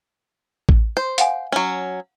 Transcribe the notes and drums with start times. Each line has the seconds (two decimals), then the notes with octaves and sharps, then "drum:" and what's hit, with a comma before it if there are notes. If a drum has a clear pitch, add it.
0.69 drum: kick A1
0.97 C5
1.18 F5 F#5 G#5, drum: hi-hat
1.52 F#3 C#4